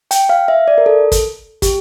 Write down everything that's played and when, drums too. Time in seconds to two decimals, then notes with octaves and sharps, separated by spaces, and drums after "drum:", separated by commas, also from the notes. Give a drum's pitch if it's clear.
0.11 G5, drum: hi-hat
0.29 F5
0.48 E5
0.68 D5
0.78 A#4
0.86 A4
1.12 drum: kick, hi-hat
1.62 G4, drum: kick, hi-hat